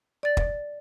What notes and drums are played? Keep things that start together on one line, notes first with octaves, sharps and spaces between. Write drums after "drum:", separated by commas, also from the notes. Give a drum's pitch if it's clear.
D5 A6
drum: kick